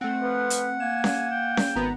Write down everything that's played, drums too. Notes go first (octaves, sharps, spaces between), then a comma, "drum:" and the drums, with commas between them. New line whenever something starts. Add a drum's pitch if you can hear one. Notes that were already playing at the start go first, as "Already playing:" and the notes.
A3 C4 F#5
F3 B4
drum: hi-hat
A#3 G#5 E7
drum: snare C#4
G5
drum: snare C#4
G#1 D#3 B3 A#5